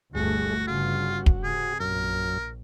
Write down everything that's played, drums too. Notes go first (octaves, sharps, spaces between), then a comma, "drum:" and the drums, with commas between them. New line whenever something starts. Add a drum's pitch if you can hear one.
G1 D2 G2 A3 F#4 G#4
G1 G2 C#3 F4 F#4
drum: kick
C3 G#4
A#1 F#2 A#4